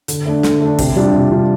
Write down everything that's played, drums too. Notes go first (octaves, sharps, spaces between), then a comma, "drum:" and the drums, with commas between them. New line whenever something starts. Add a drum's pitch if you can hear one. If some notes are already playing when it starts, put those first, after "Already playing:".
D3, drum: hi-hat
A3 D4
D3, drum: snare
A3
D4
C3, drum: kick, open hi-hat
G3 D4 F4
C3
G3 D4 F4